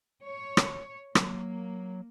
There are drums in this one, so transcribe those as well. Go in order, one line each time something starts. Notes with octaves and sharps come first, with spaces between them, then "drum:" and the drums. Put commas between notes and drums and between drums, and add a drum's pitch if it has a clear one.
C#5
drum: rim click
F#3 A#3, drum: rim click